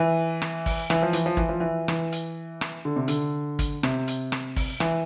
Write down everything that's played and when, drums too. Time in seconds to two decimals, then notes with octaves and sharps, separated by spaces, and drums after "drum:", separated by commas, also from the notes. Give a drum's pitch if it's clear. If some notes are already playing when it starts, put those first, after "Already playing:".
Already playing: E3
0.42 drum: rim click
0.66 drum: kick, open hi-hat
0.90 E3, drum: rim click
1.03 F3
1.13 E3, drum: hi-hat
1.26 F3
1.37 E3, drum: kick
1.49 F3
1.60 E3
1.88 E3, drum: rim click
2.12 drum: hi-hat
2.61 drum: rim click
2.85 D3
2.96 C3
3.08 D3, drum: hi-hat
3.59 drum: kick, hi-hat
3.83 C3, drum: rim click
4.08 drum: hi-hat
4.32 drum: rim click
4.56 drum: kick, open hi-hat
4.80 E3, drum: rim click